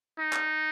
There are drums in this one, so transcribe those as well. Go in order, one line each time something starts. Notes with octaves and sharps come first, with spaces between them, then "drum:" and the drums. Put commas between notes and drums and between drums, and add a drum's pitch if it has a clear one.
D#4
drum: clap